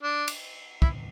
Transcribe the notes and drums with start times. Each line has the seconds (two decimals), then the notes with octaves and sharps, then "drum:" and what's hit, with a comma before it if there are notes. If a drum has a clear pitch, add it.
0.03 D4
0.28 drum: cymbal
0.82 E4, drum: kick